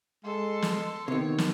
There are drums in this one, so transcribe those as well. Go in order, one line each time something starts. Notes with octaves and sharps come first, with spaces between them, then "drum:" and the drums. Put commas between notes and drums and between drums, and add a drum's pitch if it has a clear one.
G#3 A4 C6
drum: snare
C3 D#3 B3 C#5
drum: snare